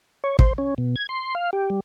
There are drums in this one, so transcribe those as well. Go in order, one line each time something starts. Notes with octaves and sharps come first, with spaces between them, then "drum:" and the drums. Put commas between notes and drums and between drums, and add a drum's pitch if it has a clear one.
C#5
C5, drum: kick
C#4
B2
G#6
C6
F5
G4
G3